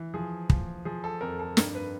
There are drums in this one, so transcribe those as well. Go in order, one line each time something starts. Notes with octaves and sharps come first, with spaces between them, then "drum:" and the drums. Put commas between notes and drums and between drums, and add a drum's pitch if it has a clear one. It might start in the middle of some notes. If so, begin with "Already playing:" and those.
Already playing: E3
F3 G#4
F3, drum: kick
F3 G#4
A4
F2 A#4
A4
G2 A#4, drum: snare
B4